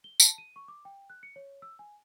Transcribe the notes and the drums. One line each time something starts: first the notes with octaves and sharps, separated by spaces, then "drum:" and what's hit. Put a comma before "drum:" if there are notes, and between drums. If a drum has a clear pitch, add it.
G7
A5, drum: tambourine
D#7
C#6
D6
G5
F#6
C#7
C#5
E6
G#5